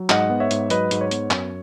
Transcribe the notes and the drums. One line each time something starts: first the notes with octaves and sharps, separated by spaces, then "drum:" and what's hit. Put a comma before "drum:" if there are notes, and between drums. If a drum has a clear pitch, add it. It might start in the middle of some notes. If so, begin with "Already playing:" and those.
Already playing: F#3
G#2 D#5 F#5, drum: clap
B3
C#5 E5
G#2, drum: hi-hat
F#3 B4 D#5, drum: hi-hat
G#2, drum: hi-hat
C#5
B3, drum: hi-hat
F#2, drum: clap